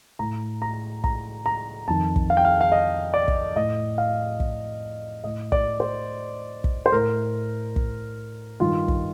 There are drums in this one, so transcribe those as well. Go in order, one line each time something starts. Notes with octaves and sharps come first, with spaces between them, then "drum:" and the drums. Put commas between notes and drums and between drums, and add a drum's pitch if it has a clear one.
A2 A#5
A#5
A#5, drum: kick
A#5
F2 D#3 A5
drum: kick
F5
G5
F5
F5
D#5
D5
drum: kick
A2 D#5
F5
drum: kick
A2 D#5
D5, drum: kick
C5
drum: kick
C5
A2 A#4
drum: kick
G2 D#3 F4
drum: kick